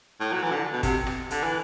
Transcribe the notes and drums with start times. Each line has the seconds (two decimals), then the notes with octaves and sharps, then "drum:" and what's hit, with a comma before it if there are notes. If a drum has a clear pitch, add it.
0.20 A2
0.32 F#3
0.42 E3
0.52 D3
0.72 B2
0.83 C3, drum: kick, hi-hat
1.07 drum: rim click
1.31 D3, drum: hi-hat
1.43 E3